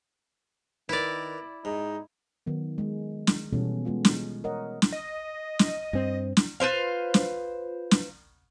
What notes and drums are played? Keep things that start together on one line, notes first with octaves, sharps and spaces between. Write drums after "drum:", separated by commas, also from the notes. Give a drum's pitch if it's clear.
D#3 E4 A#4 B4 D5
G#2 D#4
D#3 F#3 B3
G#3
drum: snare
B2 E3 G3 B3 C#4 A4
B2 G#3 B3 F4
drum: snare
A#4 C#5 D#5 F#5
drum: snare
D#5
drum: snare
G2 C4
drum: snare
F4 B4 C5 F5
drum: snare
drum: snare